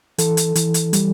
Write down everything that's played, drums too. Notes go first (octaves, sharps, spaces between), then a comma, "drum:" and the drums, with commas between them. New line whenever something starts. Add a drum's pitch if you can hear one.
E3 A4, drum: hi-hat
drum: hi-hat
E3, drum: hi-hat
drum: hi-hat
G3, drum: hi-hat